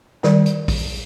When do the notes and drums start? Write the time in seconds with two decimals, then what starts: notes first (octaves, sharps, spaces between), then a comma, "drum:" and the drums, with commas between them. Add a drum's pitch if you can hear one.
0.23 D#3 G3 D5, drum: snare
0.46 drum: hi-hat
0.68 drum: kick, open hi-hat